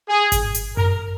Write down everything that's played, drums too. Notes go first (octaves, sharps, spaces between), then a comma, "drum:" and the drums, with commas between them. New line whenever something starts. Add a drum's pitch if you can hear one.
G#4
drum: kick G#1, hi-hat
drum: hi-hat
A#4, drum: tom F#2